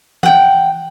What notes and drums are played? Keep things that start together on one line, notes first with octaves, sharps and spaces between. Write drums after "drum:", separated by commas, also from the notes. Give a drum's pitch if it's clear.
F#5 G5, drum: tom E3